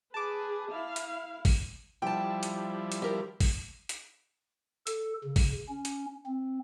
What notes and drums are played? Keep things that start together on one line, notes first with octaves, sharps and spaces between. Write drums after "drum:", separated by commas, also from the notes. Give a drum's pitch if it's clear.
G#4 B4 A5 D6
E4 F5
drum: hi-hat
drum: kick G#1, open hi-hat
F3 G3 E4 G5 A5
drum: hi-hat
drum: hi-hat
G4 A#4
drum: kick G#1, open hi-hat
drum: hi-hat
A4, drum: hi-hat
C#3
drum: kick G#1, open hi-hat
C#4
drum: hi-hat
C4